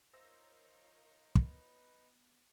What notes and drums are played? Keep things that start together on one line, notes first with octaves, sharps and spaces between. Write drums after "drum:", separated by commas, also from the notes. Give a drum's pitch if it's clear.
D#4 F4 A#4 C5 C#5 E6 A#6
B3 B4, drum: kick